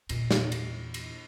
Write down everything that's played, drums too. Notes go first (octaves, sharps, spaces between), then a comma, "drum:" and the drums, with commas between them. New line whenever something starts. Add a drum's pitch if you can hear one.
E2 A#2, drum: cymbal
drum: snare
drum: cymbal
drum: cymbal